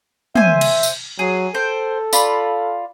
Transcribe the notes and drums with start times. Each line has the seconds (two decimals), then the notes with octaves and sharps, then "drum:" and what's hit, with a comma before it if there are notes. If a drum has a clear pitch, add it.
0.35 C5 E5 G#5, drum: tom
0.61 drum: cymbal
0.83 drum: tambourine
1.19 F#3 G#4
1.54 A4 C5 G5
2.13 F4 D5 B5, drum: tambourine